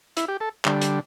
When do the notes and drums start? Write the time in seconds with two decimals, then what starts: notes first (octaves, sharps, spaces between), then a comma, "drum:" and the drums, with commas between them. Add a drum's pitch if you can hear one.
0.17 E4, drum: hi-hat
0.28 G4
0.40 A4
0.65 D3 G3, drum: clap
0.81 drum: hi-hat